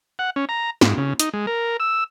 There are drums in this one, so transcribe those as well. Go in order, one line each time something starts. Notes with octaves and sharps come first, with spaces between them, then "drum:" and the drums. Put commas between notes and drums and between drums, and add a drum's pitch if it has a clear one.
F#5
C#4
A#5
G#2, drum: snare
C#3
D#4, drum: hi-hat
G#3
A#4
E6